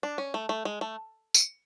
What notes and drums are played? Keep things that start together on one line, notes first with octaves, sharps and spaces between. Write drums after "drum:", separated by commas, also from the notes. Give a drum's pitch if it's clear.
D4
C#4
A3
A3
G#3
A3
drum: tambourine